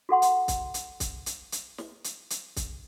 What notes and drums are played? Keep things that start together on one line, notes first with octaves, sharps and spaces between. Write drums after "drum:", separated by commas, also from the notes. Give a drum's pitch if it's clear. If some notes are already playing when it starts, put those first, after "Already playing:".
F#4 A4 F#5 C6
drum: hi-hat
drum: kick, hi-hat
drum: hi-hat
drum: kick, hi-hat
drum: hi-hat
drum: hi-hat
drum: snare
drum: hi-hat
drum: hi-hat
drum: kick, hi-hat